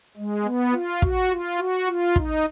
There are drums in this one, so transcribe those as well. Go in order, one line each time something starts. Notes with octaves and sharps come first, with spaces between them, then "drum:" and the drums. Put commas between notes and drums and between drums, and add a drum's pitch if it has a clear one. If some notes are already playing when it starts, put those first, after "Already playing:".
G#3
B3
F4
F#4, drum: kick
F4
F#4
F4
D#4, drum: kick